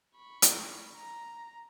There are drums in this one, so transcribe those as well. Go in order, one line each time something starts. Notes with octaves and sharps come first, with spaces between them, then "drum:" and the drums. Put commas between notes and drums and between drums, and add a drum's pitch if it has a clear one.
B5 C#6
drum: hi-hat
A#5